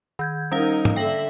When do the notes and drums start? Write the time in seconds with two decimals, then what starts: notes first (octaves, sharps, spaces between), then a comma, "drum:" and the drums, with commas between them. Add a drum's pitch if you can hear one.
0.19 D#3 G6 G#6
0.52 G3 C#4 D#4 A#4 F5
0.85 drum: tom G#2
0.96 D3 E5 G5 A#6 F#7